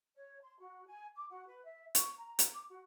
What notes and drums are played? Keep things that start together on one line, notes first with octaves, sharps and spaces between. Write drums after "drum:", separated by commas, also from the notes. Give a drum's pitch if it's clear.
C#5
C6
F#4
G#5
D6
F#4
B4
E5
C#6, drum: hi-hat
A#5
drum: hi-hat
D6
F#4